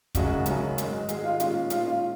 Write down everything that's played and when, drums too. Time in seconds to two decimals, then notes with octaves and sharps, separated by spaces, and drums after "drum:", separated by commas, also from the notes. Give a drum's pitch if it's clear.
0.15 F#2 C#3 G#3 C#4 F#4, drum: kick, hi-hat
0.46 F#2 C#3 G#3 C#4, drum: hi-hat
0.78 G#2 D#3 G#3, drum: hi-hat
1.09 G#2 D#3 G#3 G#4, drum: hi-hat
1.24 F4
1.40 A#2 G#3 C#4 F4, drum: hi-hat
1.70 A#2 G#3 C#4 F4, drum: hi-hat
1.86 F4